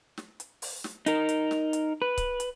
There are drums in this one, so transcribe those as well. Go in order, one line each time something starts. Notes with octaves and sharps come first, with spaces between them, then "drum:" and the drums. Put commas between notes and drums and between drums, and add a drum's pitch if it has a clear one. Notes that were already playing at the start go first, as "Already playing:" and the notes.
drum: snare
drum: hi-hat
drum: open hi-hat
drum: snare
D#4 A#4, drum: hi-hat
drum: hi-hat
drum: snare
drum: hi-hat
B4
drum: kick C#1, hi-hat
drum: hi-hat